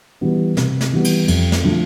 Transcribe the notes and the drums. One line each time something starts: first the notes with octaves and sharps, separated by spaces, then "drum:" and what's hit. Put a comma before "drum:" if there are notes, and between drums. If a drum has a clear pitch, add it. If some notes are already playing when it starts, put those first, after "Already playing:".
E3 G3 B3
C3, drum: snare
drum: snare
E3 G3 B3
drum: cymbal
F2, drum: cymbal
drum: snare
D3 F3 A3